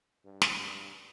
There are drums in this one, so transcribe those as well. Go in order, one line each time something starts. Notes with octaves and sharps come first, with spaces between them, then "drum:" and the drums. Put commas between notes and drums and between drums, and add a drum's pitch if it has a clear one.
G2
drum: snare
G2